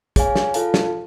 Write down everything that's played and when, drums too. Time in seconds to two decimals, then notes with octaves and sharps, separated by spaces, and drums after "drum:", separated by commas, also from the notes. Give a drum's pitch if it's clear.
0.16 G#4 C#5 F5 G#5, drum: kick, hi-hat
0.36 drum: snare
0.54 F4 A4 F5 A5, drum: hi-hat
0.74 drum: snare